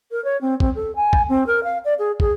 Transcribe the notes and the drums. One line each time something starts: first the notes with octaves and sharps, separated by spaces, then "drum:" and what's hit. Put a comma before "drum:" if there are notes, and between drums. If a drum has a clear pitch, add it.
A#4
C#5
C4
C4, drum: kick
A4
G#5
drum: kick
C4
A#4
F5
D5
G#4
G#4, drum: kick